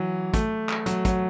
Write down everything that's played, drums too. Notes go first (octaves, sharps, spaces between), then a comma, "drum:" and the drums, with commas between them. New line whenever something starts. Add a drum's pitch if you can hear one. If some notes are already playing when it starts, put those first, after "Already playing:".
Already playing: E3 F#3
A3, drum: kick, hi-hat
drum: clap
F#3, drum: hi-hat
F#3, drum: kick, hi-hat